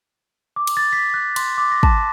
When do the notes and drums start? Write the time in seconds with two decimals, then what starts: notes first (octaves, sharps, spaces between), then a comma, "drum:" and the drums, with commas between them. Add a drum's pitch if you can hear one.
0.56 D6
0.67 drum: cymbal
0.77 A6
0.93 B6
1.14 F#6
1.36 C6, drum: cymbal
1.58 D6
1.72 A#6
1.83 A5, drum: kick